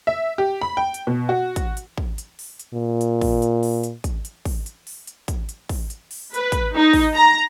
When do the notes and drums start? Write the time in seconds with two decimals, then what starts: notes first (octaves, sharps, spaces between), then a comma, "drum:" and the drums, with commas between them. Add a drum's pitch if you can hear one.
0.07 E5
0.38 G4
0.61 B5
0.77 G5
0.94 drum: hi-hat
1.07 B2
1.29 F#4
1.56 drum: kick, hi-hat
1.77 drum: hi-hat
1.98 drum: kick
2.18 drum: hi-hat
2.39 drum: open hi-hat
2.59 drum: hi-hat
2.74 A#2
3.01 drum: hi-hat
3.21 drum: kick, open hi-hat
3.42 drum: hi-hat
3.63 drum: open hi-hat
3.83 drum: hi-hat
4.04 drum: kick, hi-hat
4.25 drum: hi-hat
4.45 drum: kick, open hi-hat
4.66 drum: hi-hat
4.87 drum: open hi-hat
5.07 drum: hi-hat
5.28 drum: kick, hi-hat
5.49 drum: hi-hat
5.69 drum: kick, open hi-hat
5.90 drum: hi-hat
6.11 drum: open hi-hat
6.34 B4, drum: hi-hat
6.52 drum: kick, hi-hat
6.77 D#4
6.93 drum: kick, open hi-hat
7.14 A#5